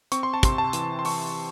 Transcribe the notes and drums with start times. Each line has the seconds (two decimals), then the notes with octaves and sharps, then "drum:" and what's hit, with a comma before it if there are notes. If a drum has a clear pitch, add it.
0.12 C4 C#6, drum: hi-hat
0.23 C6
0.34 A5
0.43 C3 C6, drum: kick, hi-hat
0.58 A5
0.73 E3, drum: hi-hat
0.99 C6
1.05 E3 C#6, drum: open hi-hat